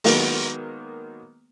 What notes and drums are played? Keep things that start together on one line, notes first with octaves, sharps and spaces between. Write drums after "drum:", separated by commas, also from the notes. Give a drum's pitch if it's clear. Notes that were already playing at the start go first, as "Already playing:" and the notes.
D#3 F#3 G#3 A#3 B3, drum: open hi-hat